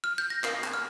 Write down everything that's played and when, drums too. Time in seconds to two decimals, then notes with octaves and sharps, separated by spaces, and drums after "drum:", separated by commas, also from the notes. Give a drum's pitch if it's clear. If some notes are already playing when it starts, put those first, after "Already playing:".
0.04 F6
0.18 G6
0.30 A#6
0.44 A#4 F5 C7, drum: clap
0.64 drum: clap
0.74 F6